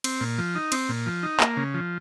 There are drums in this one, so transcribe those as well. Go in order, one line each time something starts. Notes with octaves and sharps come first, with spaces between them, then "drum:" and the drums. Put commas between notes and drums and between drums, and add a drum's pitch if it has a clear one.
C4, drum: cymbal
A#2
F3
D#4
C4, drum: cymbal
A#2
F3
D#4
A#3, drum: clap
C#3
F3